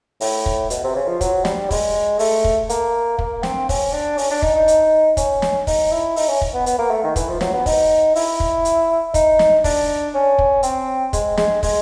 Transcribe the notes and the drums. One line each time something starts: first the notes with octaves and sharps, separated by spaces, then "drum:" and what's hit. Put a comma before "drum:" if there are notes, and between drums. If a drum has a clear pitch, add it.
A2, drum: open hi-hat
drum: kick
B2, drum: hi-hat
C3
C#3
F3
F#3, drum: kick, hi-hat
G3, drum: snare
G#3, drum: kick, open hi-hat
A3, drum: open hi-hat
drum: kick
A#3, drum: hi-hat
A#3, drum: kick
C4, drum: snare
C#4, drum: kick, open hi-hat
D4
C#4, drum: open hi-hat
D4
D#4, drum: kick
D#4
drum: hi-hat
C#4, drum: kick, hi-hat
drum: snare
D#4, drum: kick, open hi-hat
E4
D#4, drum: open hi-hat
C#4
drum: kick
B3
B3, drum: hi-hat
A#3
A3
D#3
E3, drum: kick, hi-hat
F3
F#3, drum: snare
B3
D#4, drum: kick, open hi-hat
E4, drum: open hi-hat
drum: kick
drum: hi-hat
D#4, drum: kick, hi-hat
drum: snare
D4, drum: kick, open hi-hat
C#4
drum: kick
C4, drum: hi-hat
G#3, drum: kick, hi-hat
G#3, drum: snare
G#3, drum: kick, open hi-hat